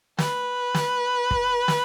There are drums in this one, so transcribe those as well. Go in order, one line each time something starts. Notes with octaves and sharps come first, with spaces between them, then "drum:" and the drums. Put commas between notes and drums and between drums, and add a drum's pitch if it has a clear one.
B4, drum: snare
drum: snare
drum: kick
drum: snare